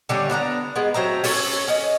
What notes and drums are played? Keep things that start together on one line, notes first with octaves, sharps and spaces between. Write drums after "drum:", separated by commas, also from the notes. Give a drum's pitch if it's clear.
D3 G3 C#4
B3 D4 F#5 A#5
G#3 B3
F#3 A3 C4 A#5
C#4 A4 C#5, drum: open hi-hat
C#4 D#5